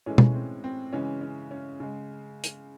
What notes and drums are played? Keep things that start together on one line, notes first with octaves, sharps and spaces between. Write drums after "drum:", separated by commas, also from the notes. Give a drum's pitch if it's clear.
A2 E3 G#3 C#4
drum: tom B2
C4
C4
C#3 E3 G#3 C#4
C#4
C#4
C#3 G#3
drum: hi-hat